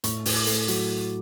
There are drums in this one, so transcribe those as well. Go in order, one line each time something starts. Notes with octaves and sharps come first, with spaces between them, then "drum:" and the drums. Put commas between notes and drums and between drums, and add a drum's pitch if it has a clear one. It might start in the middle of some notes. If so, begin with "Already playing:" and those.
A2 C#6, drum: hi-hat
A2, drum: open hi-hat
D6
A3, drum: hi-hat
F#3, drum: hi-hat